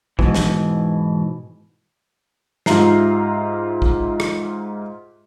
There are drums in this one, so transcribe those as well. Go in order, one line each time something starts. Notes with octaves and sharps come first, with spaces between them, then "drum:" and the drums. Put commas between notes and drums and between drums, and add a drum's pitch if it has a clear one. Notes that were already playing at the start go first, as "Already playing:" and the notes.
G#2 B2 E3, drum: kick
drum: snare
G#2 F4 G4 E5 A#5 C7, drum: snare
drum: kick
drum: rim click